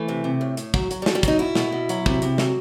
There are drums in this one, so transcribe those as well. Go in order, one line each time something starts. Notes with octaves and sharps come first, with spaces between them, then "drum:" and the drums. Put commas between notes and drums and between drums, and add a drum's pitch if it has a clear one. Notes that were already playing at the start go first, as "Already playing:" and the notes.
Already playing: E3 A3
C3
C3
A2
A2, drum: hi-hat
F#3, drum: kick
F#3, drum: hi-hat
G3
F#3, drum: snare
G3
F#3 D#4, drum: kick, hi-hat
B2 E4
B2, drum: snare
B2
F#3, drum: hi-hat
C3, drum: kick
C3, drum: hi-hat
F#3, drum: snare